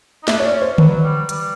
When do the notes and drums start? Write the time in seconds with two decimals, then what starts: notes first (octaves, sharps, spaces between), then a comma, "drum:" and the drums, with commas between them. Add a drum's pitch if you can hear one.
0.23 D#4
0.28 D4 E5, drum: snare
0.40 C#5
0.45 C#4 D5
0.62 C5
0.78 F#3 B4, drum: tom D3
1.04 G3
1.29 G3, drum: hi-hat